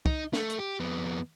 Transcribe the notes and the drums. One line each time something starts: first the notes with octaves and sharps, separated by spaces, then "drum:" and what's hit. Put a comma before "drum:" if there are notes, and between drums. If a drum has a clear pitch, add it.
D#4, drum: kick
A3, drum: snare
drum: hi-hat
G4
F2 B3